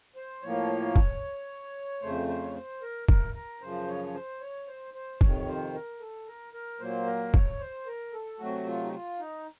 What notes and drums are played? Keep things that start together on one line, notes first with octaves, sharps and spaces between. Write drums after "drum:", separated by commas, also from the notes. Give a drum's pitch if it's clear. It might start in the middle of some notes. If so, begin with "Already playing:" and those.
C5
A2 F3 A#3 C#5
drum: kick
F2 C#3 A3 C5
C5
C#5
C5
A#4
A#4, drum: kick
A#4
F#2 C#3 F3 C5
C#5
C5
C#5
C5
C5
F2 C3 D#3 C#5, drum: kick
C5
A#4
A4
A#4
A#4
A#2 F#3 A#3 C5
A#4
C#5, drum: kick
C5
A#4
A4
C3 F#3 A3 F#4
F4
D#4
F4
D#4